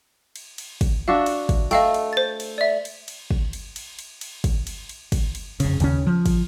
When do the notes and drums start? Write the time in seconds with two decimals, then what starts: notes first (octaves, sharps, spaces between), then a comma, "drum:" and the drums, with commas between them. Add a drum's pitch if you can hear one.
0.36 drum: cymbal
0.58 drum: cymbal
0.81 drum: kick, cymbal
1.08 D4 F#4 E5 F5
1.26 drum: cymbal
1.49 drum: kick, cymbal
1.71 A3 D#5 F5 G5, drum: cymbal
1.94 drum: cymbal
2.13 C5 A6
2.40 drum: cymbal
2.58 D5 E5
2.85 drum: cymbal
3.08 drum: cymbal
3.31 drum: kick
3.53 drum: cymbal
3.76 drum: cymbal
3.99 drum: cymbal
4.21 drum: cymbal
4.44 drum: kick, cymbal
4.67 drum: cymbal
4.89 drum: cymbal
5.12 drum: kick, cymbal
5.35 drum: cymbal
5.60 F1 C#3, drum: cymbal
5.80 D#2 C#3 C#4, drum: cymbal
6.07 F3
6.26 drum: kick, cymbal